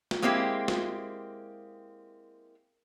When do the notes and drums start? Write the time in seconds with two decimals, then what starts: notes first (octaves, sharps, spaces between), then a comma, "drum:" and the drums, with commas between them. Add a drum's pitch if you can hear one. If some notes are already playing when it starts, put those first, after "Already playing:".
0.11 drum: snare
0.22 G#3 A#3 C4 E4 G4
0.68 drum: snare